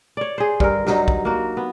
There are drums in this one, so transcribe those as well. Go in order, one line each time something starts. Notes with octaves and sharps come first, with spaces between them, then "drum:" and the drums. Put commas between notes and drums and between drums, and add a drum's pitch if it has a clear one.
C#5 D5
G#4 C5
G2 A#4, drum: kick
G2 F#3 D#4, drum: snare
drum: kick
A#3 F#4
B3